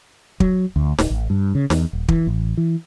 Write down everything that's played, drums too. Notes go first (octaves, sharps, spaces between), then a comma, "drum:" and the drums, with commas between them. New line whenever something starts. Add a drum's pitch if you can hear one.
F#3, drum: kick
D2
D1, drum: snare
A1
G2
C#3
E2, drum: snare
D#1
E3, drum: kick
A1
E3